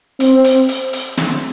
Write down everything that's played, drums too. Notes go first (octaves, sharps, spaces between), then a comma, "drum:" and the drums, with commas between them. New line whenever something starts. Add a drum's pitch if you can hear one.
C4, drum: hi-hat
drum: hi-hat
drum: hi-hat
drum: hi-hat
drum: snare